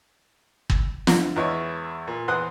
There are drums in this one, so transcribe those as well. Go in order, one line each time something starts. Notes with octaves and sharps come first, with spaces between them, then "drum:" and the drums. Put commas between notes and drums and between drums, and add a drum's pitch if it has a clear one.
drum: kick
D3, drum: snare
E2 G#3 E4 C#5
A#2
E2 E3 C5 F#5 D#6 F#6